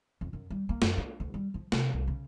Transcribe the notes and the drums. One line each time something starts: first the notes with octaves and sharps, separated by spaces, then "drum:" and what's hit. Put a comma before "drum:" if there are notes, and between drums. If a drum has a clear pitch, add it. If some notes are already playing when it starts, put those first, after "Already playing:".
F2
F#2
G3
A#3
F#2, drum: snare
D4
D2
G3
F3
C3, drum: snare
C2
C#3